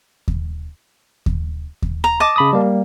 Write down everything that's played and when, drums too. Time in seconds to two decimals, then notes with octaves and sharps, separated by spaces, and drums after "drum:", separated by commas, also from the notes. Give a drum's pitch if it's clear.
0.28 drum: kick D#2
1.26 drum: kick D#2
1.82 drum: kick D#2
2.04 A#5
2.20 D#5 A5 D6
2.36 C#3 B5 D#6
2.53 G3 A#3